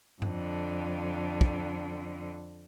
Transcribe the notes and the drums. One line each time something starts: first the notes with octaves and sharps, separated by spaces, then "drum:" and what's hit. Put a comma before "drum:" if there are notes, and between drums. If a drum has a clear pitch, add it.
F2 D3, drum: tom G2
drum: kick